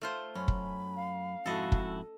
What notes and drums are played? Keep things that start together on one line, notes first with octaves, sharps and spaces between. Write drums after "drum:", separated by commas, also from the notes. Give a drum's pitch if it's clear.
A3 F4 C5
F#2 C#4 B5
drum: kick
F5
F2 G#2 E4 F#4 A4 D#5
drum: kick